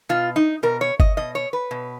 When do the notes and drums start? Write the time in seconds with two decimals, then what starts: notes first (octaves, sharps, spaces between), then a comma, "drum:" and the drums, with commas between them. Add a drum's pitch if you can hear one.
0.09 B2 F4
0.36 D#4
0.63 B2 A#4
0.81 C#5
1.00 D#5, drum: kick G1
1.17 B2 D#5
1.35 C#5
1.53 B4
1.71 B2